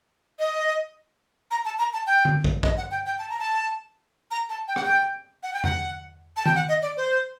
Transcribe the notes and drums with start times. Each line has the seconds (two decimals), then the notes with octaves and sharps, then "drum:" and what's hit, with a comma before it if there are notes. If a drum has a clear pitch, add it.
0.39 D#5
1.51 A#5
1.65 A5
1.79 A#5
1.93 A5
2.07 G5
2.25 drum: tom D3
2.44 drum: kick
2.63 D#5, drum: kick
2.77 F#5
2.91 G5
3.06 G5
3.19 A5
3.29 A#5
3.39 A5
4.31 A#5
4.49 A5
4.68 G5
4.76 F#5, drum: rim click
4.84 G5
5.43 F#5
5.54 G5
5.64 F#5, drum: tom E2
6.37 A5
6.46 G5, drum: tom D#3
6.55 F#5
6.69 D#5
6.82 D5
6.97 C5